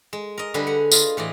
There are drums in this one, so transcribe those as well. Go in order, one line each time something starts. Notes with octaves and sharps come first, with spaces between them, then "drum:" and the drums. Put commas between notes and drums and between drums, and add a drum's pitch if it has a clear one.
G#3
A#4 D#5
D3 G3 G#4 B4
F#5
F4 D#5, drum: tambourine
A2 E3 D5 D#5